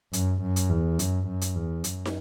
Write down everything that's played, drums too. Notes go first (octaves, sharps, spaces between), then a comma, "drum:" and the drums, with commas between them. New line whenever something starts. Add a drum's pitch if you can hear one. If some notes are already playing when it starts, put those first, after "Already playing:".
F#2, drum: hi-hat
F#2
drum: hi-hat
E2
F#2, drum: hi-hat
F#2
drum: hi-hat
E2
F#2, drum: hi-hat
drum: snare